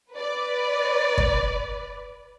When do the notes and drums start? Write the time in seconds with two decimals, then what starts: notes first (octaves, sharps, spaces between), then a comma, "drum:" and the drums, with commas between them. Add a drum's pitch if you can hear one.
0.12 B4 D5
1.18 drum: kick